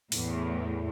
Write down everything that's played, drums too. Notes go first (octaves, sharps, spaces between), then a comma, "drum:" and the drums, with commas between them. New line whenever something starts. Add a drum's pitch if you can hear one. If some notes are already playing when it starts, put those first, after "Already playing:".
E2 A2, drum: open hi-hat